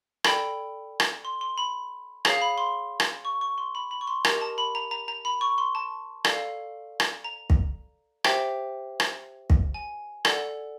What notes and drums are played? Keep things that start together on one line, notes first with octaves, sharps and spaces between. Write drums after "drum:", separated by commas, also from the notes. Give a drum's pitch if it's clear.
A4 D5 G5 B5, drum: rim click
drum: rim click
C6
C6
B5
G#4 C#5 F5 A#5, drum: rim click
B5
C6
drum: rim click
C#6
C#6
C6
B5
B5
C#6
C6
G4 A#4 D#5 A#5, drum: rim click
A5
B5
A#5
A#5
A#5
B5
C#6
C6
A5
A4 D5 F5, drum: rim click
drum: rim click
A#5
drum: kick
G4 C5 E5 G5, drum: rim click
drum: rim click
drum: kick
G#5
A4 D5 F#5, drum: rim click